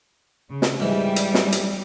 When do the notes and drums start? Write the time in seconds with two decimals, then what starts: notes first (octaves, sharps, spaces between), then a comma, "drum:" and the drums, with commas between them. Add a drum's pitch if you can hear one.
0.49 C#3
0.62 drum: snare
0.80 G#2 E3 G3
1.16 drum: hi-hat
1.34 drum: snare
1.52 drum: hi-hat